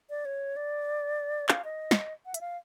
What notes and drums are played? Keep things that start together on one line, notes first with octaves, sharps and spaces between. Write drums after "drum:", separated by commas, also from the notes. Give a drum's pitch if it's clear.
D5
C#5
D5
F5, drum: clap
D#5
drum: snare
F#5
E5, drum: hi-hat
F5